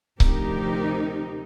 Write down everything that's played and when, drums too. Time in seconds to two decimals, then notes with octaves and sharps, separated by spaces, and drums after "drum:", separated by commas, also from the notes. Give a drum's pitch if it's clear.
0.20 D2 C3 F3 C4 D#4 G4 A#4, drum: kick C#1